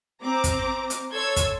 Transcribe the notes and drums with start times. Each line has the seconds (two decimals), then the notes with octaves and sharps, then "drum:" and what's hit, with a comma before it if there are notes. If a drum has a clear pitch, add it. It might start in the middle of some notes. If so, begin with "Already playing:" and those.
0.22 C4 A#5 D6
0.44 drum: kick, hi-hat
0.90 drum: hi-hat
1.13 A4 C#5 C6 E6 G#6
1.36 drum: kick, hi-hat